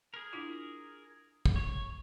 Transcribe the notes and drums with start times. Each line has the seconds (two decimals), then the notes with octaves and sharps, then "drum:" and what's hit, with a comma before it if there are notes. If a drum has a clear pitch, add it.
0.14 G#4 A#4
0.33 D4 E4 F4
1.46 drum: kick
1.56 C#5